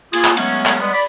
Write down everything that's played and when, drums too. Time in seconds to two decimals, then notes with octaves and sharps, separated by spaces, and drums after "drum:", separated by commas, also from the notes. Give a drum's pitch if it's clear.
0.13 A#3 F4 G#4, drum: cymbal
0.25 drum: clap
0.37 F#3 G#3 A3 B3 C#4, drum: cymbal
0.66 drum: clap
0.80 G3 G#3 B3
0.93 D5 B5